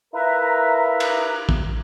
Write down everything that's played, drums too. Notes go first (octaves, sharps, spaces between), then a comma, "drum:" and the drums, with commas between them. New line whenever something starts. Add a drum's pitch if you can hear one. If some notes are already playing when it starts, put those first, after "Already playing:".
E4 F4 A#4 B4 E5 A#5
drum: cymbal
drum: kick